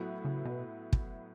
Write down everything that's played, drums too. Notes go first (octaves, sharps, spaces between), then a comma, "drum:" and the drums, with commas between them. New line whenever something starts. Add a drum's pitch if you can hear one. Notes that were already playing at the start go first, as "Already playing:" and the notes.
Already playing: A2 F#3 B3 E4
C#3
B2
drum: kick